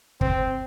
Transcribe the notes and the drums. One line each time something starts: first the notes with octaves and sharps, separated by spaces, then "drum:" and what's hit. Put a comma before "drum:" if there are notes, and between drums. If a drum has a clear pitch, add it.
C4, drum: kick